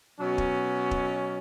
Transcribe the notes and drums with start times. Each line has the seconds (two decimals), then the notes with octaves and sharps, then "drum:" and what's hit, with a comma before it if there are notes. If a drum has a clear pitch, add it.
0.20 B2 F#3 C#4
0.38 drum: kick
0.91 drum: kick